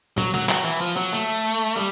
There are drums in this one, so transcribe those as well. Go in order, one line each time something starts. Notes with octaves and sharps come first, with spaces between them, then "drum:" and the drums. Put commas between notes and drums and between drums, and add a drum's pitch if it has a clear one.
F#3, drum: tom A#2
F#3, drum: snare
F#3, drum: clap
E3
F3
F#3
A3
G3